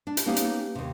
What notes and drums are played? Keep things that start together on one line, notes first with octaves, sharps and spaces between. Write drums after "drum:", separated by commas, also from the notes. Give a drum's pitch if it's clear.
D4
drum: hi-hat
A#3 B3 C#4 D#4 G4
drum: hi-hat
D#2 C3